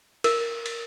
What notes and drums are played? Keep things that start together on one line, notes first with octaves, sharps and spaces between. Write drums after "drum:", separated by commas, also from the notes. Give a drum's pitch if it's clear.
A#4, drum: cymbal
drum: cymbal